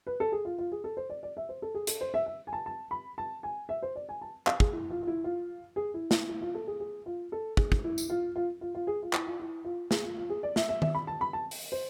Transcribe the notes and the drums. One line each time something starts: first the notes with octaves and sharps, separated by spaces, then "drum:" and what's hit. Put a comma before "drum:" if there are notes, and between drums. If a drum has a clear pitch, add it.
B4
A4
G#4
F4
F4
G#4
A4
C5
D5
D5
E5
C5
A4
G#4
A4, drum: hi-hat
C5
E5
E5
G#5
A5
A5
B5
A5
G#5
E5
C5
D5
G#5
A5
F5, drum: clap
G#4, drum: kick
E4
F4
F4
E4
F4
G#4
E4
E4, drum: snare
E4
F4
A4
G#4
G#4
F4
A4
G#4, drum: kick
drum: kick
E4
drum: tambourine
F4
F4
F4
F4
G#4
F4
E4, drum: clap
F4
E4
F4
G#4, drum: snare
F4
F4
G#4
D5
E5, drum: snare
E5
E5, drum: tom D#3
B5
A5
B5
A5
drum: open hi-hat
C5